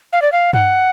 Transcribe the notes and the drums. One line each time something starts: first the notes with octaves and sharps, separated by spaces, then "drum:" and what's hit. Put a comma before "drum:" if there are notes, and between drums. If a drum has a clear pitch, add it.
F5
D5
F5
F#5, drum: tom G2